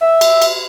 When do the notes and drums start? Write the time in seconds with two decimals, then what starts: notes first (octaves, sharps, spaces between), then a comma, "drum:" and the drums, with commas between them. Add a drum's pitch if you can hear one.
0.01 E5
0.21 drum: cymbal
0.42 drum: cymbal